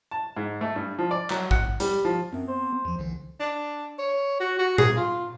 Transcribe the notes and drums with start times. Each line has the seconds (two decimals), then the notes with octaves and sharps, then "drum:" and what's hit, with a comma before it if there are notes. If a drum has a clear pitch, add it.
0.11 A5
0.37 G#2
0.61 A3
0.76 G2
0.99 F3
1.11 D5
1.30 F#3, drum: clap
1.51 F#5, drum: kick
1.80 G3, drum: hi-hat
2.05 F3
2.33 F#2 B3 C4
2.48 C5
2.85 E2 F3
2.99 C2 D3 E3
3.40 D4
3.98 C#5
4.40 F#4
4.59 F#4
4.78 G#4, drum: tom A#2
4.96 F4